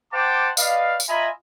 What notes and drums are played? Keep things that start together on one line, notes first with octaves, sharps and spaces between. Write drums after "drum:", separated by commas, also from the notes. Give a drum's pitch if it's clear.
C5 F#5 G5 A5 D6
B4 D5 D#5 F5, drum: tambourine
drum: tambourine
F4 D#5 E5 G#5 A#5 B5